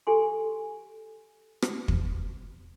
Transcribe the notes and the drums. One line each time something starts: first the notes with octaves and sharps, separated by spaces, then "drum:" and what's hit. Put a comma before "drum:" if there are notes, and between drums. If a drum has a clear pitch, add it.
G4 A4 G#5 C6
drum: rim click
drum: kick